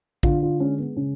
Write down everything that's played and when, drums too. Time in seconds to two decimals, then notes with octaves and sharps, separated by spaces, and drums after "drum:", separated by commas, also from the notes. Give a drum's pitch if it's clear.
0.23 D3 F4, drum: kick
0.43 F4
0.60 G#3 C#4
0.79 B3
0.97 C#3 C#4